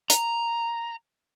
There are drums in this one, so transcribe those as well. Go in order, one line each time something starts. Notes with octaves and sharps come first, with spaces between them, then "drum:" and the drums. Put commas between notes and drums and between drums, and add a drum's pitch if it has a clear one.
A#5, drum: hi-hat